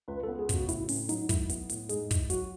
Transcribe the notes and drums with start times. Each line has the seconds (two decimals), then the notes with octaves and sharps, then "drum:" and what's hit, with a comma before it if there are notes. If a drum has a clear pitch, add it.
0.08 C#2 B4
0.24 B3 A4
0.39 G#4
0.49 C#3, drum: kick, hi-hat
0.54 F#4
0.69 A2 E4, drum: hi-hat
0.89 A2 C#4, drum: open hi-hat
1.09 F#3 D#4, drum: hi-hat
1.29 B1 E4, drum: kick, hi-hat
1.49 B3, drum: hi-hat
1.69 A2, drum: hi-hat
1.89 G#2 G#4, drum: hi-hat
2.11 E4, drum: kick, hi-hat
2.30 F#3 F#4, drum: hi-hat